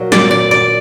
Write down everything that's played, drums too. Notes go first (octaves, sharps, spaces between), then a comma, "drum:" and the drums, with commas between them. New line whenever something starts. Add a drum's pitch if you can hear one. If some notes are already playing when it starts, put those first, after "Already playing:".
Already playing: A#2 F#3
D5, drum: snare
D5
D5